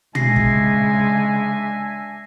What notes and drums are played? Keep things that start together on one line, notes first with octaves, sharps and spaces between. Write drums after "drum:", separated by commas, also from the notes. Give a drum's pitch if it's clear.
C#3 G#3 D4 E5 G#5 A#6 C7, drum: tom
drum: kick